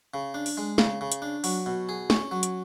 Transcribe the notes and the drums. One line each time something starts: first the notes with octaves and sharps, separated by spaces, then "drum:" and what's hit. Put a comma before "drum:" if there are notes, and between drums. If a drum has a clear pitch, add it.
C#3
D4
drum: open hi-hat
G#3
C#3, drum: snare
C#3
drum: hi-hat
D4
F#3, drum: open hi-hat
B2
G#4
C#4, drum: snare
F#3
drum: hi-hat